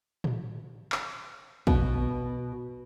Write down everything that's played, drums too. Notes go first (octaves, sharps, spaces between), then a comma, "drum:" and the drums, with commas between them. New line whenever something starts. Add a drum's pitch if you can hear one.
drum: tom
drum: clap
B2, drum: kick